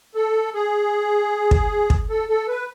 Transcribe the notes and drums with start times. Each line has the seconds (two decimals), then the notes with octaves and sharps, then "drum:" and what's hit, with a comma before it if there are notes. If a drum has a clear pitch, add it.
0.15 A4
0.54 G#4
1.51 drum: kick
1.90 drum: kick
2.10 A4
2.29 A4
2.48 B4